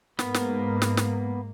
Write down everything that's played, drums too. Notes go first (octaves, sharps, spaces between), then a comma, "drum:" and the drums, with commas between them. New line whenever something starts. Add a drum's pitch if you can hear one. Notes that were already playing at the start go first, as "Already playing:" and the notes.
G#2 A#3 B3, drum: snare
drum: snare
drum: snare
drum: snare